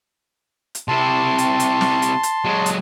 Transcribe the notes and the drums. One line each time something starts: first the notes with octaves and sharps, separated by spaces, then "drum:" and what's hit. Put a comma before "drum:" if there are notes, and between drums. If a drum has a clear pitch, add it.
drum: hi-hat
C3 E4 A5 C6
drum: hi-hat
drum: hi-hat
drum: snare
drum: hi-hat
drum: hi-hat
F#3 G#3
drum: hi-hat